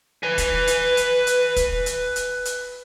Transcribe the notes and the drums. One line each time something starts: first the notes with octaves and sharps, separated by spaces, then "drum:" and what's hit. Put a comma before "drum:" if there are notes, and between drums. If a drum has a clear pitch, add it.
B4 G#5
drum: kick, hi-hat
drum: hi-hat
drum: hi-hat
drum: hi-hat
drum: kick, hi-hat
drum: hi-hat
drum: hi-hat
drum: hi-hat